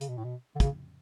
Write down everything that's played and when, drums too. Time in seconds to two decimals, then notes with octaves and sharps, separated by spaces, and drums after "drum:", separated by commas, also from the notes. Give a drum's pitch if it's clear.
0.01 C#3, drum: hi-hat
0.09 B2
0.18 A2
0.25 B2
0.56 D3
0.60 C#3, drum: kick, hi-hat